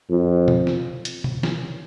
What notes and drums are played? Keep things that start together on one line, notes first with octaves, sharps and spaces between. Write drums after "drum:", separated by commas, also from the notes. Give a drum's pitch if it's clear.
F2
drum: tom B2
drum: snare
drum: hi-hat
drum: tom B2
drum: snare